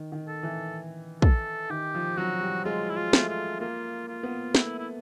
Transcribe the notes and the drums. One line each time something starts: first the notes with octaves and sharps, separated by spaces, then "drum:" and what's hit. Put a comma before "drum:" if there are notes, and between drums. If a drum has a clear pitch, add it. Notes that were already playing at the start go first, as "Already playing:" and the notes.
Already playing: D#3
D#3
A4
E3
A4, drum: kick
D#3 G4
F3
F#3 F#4
G3
G#3 F4
E4
F4
A3, drum: snare
F4
A#3 F4
F4
B3
A3 E4, drum: snare
E4